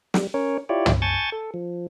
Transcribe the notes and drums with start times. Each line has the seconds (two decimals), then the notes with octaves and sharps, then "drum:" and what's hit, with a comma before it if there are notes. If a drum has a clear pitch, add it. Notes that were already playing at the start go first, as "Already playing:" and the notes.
0.14 G3, drum: snare
0.34 C#4 A#4 C#5
0.69 E4 F4 G4 C#5 D5
0.86 drum: tom
1.02 G#5 A5 C#6 G6 A6
1.32 A4
1.54 F3